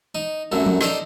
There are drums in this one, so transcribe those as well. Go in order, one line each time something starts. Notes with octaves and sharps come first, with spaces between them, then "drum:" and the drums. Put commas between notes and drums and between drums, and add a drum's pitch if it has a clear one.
D#4
C2 F#2 F#3 A3
drum: tom F3
D#4 A4 C5 D5 A#5, drum: snare